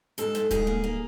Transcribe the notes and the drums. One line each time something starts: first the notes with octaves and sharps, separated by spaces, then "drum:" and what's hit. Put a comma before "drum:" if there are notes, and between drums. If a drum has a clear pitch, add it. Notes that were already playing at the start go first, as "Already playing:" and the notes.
G#2 A4, drum: hi-hat
G#2, drum: snare
G#2 G#4, drum: kick D1, hi-hat
A#3
A#3